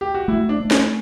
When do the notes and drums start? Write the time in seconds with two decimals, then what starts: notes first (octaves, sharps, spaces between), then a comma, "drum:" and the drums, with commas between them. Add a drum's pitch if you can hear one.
0.01 G4
0.14 F#4
0.28 A3 E4
0.49 D4
0.60 A3
0.71 C#4, drum: snare